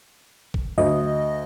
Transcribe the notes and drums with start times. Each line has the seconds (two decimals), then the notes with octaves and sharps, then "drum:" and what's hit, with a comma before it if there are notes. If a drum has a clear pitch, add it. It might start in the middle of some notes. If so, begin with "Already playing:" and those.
0.54 drum: kick
0.78 D2 D#5